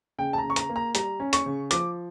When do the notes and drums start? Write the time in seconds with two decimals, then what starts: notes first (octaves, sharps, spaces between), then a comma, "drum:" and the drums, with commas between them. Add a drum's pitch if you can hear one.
0.18 C#3 G5
0.33 A5
0.38 A#5
0.44 C#3
0.50 C#6
0.56 A#5, drum: hi-hat
0.69 A#3
0.76 A#5
0.95 G3 A#5, drum: hi-hat
1.20 C#4
1.33 C#6, drum: hi-hat
1.46 C#3
1.71 F3 D6, drum: hi-hat